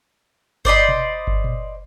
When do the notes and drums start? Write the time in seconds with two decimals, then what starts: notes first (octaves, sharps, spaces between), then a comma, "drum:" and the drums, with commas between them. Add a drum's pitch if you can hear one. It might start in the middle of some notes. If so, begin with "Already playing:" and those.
0.65 C5 D5 D#5 B5, drum: kick G1
0.88 drum: tom B2
1.27 drum: kick G1
1.44 drum: tom A#2